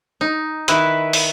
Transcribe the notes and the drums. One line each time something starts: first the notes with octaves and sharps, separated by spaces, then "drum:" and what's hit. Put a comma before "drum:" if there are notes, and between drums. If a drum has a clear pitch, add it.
D#4
D#3 E4 B4, drum: hi-hat
drum: open hi-hat